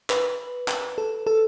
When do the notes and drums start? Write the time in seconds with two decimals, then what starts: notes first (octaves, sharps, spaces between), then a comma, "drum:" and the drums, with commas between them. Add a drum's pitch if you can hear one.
0.10 B4, drum: clap
0.68 drum: clap
0.98 A4
1.27 A4